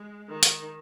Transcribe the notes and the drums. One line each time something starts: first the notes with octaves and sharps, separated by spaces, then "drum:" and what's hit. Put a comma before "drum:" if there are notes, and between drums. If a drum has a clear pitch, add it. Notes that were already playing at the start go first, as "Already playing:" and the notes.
Already playing: G#3
D#3
drum: hi-hat